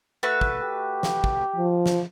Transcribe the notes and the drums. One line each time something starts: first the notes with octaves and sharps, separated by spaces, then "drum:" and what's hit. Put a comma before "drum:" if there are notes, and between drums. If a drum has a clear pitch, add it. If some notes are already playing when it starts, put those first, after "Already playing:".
A3 F#4 B4
drum: kick
G4
drum: snare
drum: kick
F3
drum: snare